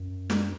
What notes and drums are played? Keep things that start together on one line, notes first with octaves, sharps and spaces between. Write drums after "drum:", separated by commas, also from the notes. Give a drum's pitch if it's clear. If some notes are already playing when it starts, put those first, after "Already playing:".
Already playing: F#2
drum: snare